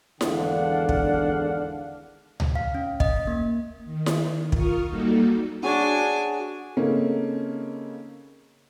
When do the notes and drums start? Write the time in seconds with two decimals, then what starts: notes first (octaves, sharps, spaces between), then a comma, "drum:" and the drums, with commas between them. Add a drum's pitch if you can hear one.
0.21 G#1 E2 D3 D4 F5 F#5, drum: snare E4
0.89 drum: kick
2.40 drum: tom C#2
2.55 F5
2.75 C#4
3.00 D#5, drum: kick
3.27 A#3
3.85 D#3
4.06 drum: snare E4
4.52 F4 A#4 C#6 D#6 F6, drum: kick
4.87 G3 A#3 D#4 F#4 A4
5.63 D4 F#4 G#4 C#5 G#5
6.77 C#3 A3 A#3 C4 C#4 D#4